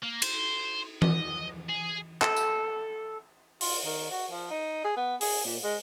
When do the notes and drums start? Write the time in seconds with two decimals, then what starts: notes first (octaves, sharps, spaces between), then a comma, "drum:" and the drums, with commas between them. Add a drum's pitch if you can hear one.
0.03 A#3
0.22 C5, drum: cymbal
1.02 D#5, drum: tom E3
1.70 G#4
2.22 A4, drum: clap
2.36 drum: tambourine
3.61 F4, drum: open hi-hat
3.85 D#3
4.11 F#4
4.31 F3
4.51 D#4
4.84 G#4
4.97 B3
5.21 G#4, drum: open hi-hat
5.45 A#2
5.64 G#3